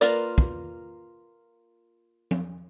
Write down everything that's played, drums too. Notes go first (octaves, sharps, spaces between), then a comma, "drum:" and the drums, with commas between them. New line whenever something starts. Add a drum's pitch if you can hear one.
A#3 F4 A#4 B4 D5, drum: hi-hat
drum: kick
drum: tom F3